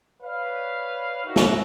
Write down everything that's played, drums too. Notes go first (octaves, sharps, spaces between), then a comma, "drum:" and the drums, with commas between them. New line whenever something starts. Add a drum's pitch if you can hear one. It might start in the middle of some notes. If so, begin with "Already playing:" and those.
B4 C#5 D5 F5
D#3 E4 F#4
drum: snare